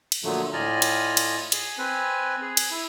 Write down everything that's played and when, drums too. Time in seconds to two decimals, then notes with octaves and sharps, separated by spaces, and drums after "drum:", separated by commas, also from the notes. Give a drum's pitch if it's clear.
0.12 drum: cymbal
0.24 A#2 D3 F3 F#3 A3
0.53 A2 F4 D5 D#5 G#5 F6
0.82 drum: cymbal
1.17 drum: cymbal
1.52 G#4, drum: cymbal
1.78 C4 B4 G#5
2.42 G#4
2.57 drum: cymbal
2.71 E4